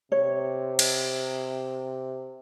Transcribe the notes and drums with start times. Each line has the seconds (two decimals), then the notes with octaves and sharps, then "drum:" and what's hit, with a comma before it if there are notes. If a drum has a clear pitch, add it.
0.12 C3 C#5
0.79 drum: cymbal